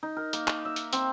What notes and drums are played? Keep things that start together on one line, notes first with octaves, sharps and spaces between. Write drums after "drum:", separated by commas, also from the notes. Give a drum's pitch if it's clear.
D#4
A#4
A#3, drum: hi-hat
drum: clap
E5
drum: hi-hat
C4, drum: hi-hat